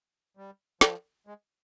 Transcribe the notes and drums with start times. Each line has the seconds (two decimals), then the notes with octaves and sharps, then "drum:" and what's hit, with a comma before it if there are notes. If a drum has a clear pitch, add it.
0.37 G3
0.81 F3, drum: snare
1.27 G#3